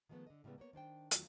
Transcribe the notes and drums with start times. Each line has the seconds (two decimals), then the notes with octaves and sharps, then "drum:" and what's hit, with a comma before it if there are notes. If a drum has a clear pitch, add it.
0.09 D#3 F3 G#3 A3 B3
0.27 D3 D#5
0.44 A2 C#3 G3 G#3 B3
0.58 A#3 B3 C#5
0.73 D#3 D4 C5 G5
1.11 E2 D#3 F#3 A3 F4, drum: hi-hat